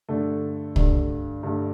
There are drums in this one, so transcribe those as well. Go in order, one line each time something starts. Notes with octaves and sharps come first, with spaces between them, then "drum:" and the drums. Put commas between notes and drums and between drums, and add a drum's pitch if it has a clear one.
G2 D3 A3 D4
G2 D3 A3 D4, drum: kick
G2 D3 A3 D4